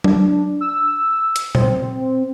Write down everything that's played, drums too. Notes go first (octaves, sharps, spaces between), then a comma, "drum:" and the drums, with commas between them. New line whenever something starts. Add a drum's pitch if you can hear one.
D4, drum: tom F#3
E6
drum: hi-hat
C4, drum: tom A#2